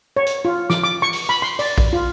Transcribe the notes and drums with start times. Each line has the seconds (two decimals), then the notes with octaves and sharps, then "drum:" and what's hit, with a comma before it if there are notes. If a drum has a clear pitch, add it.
0.17 C#5
0.26 drum: hi-hat
0.45 F4
0.70 D6, drum: snare
0.84 D6
1.02 C#6
1.13 drum: open hi-hat
1.29 B5
1.42 C6
1.59 D5, drum: open hi-hat
1.78 drum: kick
1.93 F4